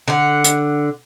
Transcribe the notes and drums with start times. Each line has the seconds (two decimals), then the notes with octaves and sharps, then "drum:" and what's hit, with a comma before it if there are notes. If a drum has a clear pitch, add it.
0.08 D3 F#5
0.44 drum: hi-hat